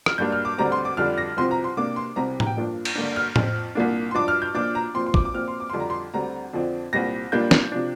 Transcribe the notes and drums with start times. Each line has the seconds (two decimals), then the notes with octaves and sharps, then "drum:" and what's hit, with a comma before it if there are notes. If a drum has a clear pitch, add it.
0.06 F6, drum: rim click
0.18 G2 G3 A#3 D4 G6
0.32 F6
0.45 D6
0.58 D2 D3 G3 C4 A#5
0.72 C6
0.85 D6
0.97 F2 D3 G3 F6
1.18 A#6
1.37 C2 C3 F3 C4 C6
1.51 A#5
1.64 C6
1.77 C3 A#3 D4 D6
1.96 C6
2.16 C2 C3 G3 C4 A#5
2.40 A#5, drum: tom A2
2.46 G5
2.57 G2 F3 A#3 D4
2.85 drum: cymbal
2.95 G2 D3 A#3 D4
3.16 F6
3.36 F2 F3 C4, drum: tom A2
3.75 C2 A#2 A#3 D4
4.11 C6
4.15 G2 F3 D4 D6
4.28 F6
4.42 G6
4.55 A#2 F3 D4 D6
4.75 A#5
4.94 A#2 F3 C4 C6
5.06 C6
5.14 D6, drum: kick
5.25 D6
5.34 A#2 F3 C4 F6
5.48 C6
5.60 D6
5.70 F2 D3 G3 C6
5.80 A#5
5.90 C6
6.14 D2 D3 G3 C4 A#5
6.53 F2 D3 F3 C4
6.93 C2 A#2 G3 C4 A#6
7.32 A#2 G3 A#3 D4 G6
7.51 drum: snare
7.72 C3 F3 D4